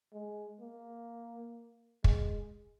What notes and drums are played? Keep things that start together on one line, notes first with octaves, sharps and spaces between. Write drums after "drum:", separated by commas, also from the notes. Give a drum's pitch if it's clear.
G#3
A#3
G#3, drum: kick